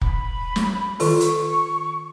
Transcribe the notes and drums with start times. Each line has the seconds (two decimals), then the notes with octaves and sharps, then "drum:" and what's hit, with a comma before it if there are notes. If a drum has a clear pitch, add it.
0.01 B5, drum: kick
0.56 drum: snare
1.00 D#3 F4 A4, drum: open hi-hat
1.20 C#6, drum: hi-hat